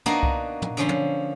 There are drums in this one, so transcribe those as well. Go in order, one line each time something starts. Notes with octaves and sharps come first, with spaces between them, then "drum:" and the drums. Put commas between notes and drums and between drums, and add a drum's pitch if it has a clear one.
A#3 B3 D4 D#4 F#4 A#4, drum: tom
drum: kick C2
drum: tom
D3 F3 C#4 C6
drum: tom